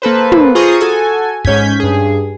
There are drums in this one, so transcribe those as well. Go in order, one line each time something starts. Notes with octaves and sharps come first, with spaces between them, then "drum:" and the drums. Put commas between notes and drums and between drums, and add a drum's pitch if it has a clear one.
A#3 A4 B4 C5
drum: tom
F4 G#4 C5 A#5 C#6 D#6
F#4 A4 G#5, drum: hi-hat
G#2 C#4 G6 G#6 B6, drum: kick
G2 G#4